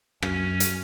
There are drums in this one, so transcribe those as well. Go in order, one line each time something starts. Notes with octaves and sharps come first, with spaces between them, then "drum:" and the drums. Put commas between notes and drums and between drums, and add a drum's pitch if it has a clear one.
F#2 C#4, drum: rim click
drum: hi-hat